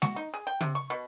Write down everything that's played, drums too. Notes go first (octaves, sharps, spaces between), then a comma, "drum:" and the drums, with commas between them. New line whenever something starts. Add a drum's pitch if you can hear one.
F#4, drum: snare G#3
D#4
G#4
G5
C3, drum: tom C#3
C#6
B2